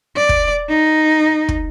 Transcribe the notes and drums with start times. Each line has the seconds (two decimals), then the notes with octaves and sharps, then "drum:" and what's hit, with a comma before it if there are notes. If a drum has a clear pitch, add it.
0.16 D5
0.29 drum: kick
0.69 D#4
1.49 drum: kick